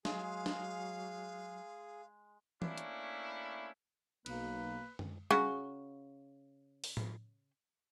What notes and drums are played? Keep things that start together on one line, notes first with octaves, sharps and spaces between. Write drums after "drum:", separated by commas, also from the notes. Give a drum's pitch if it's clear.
F#3 G#3 G#4 F5, drum: snare
drum: snare
A3 A#3 C#4 D4 E4, drum: tom E3
drum: hi-hat
B1 A#3 B4, drum: cymbal
drum: tom F#2
C#3 F#4, drum: tom G3
drum: open hi-hat
drum: tom A2